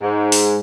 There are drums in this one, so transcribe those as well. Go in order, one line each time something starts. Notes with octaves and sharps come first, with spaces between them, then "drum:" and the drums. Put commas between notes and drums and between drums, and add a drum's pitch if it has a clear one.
G#2
drum: open hi-hat